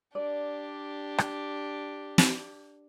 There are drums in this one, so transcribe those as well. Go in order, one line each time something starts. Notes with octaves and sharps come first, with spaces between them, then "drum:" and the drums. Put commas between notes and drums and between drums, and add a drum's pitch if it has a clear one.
D4 G4 D5
drum: rim click
drum: snare